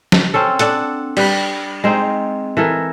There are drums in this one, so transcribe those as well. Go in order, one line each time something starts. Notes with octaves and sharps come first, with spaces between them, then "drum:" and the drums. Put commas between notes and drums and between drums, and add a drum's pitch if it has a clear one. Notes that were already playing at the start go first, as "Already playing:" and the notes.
drum: snare
C4 C#4 A4
D4 A4 F#5, drum: hi-hat
G3 B4, drum: cymbal
G#3 C4 D#4
E3 A4 A#4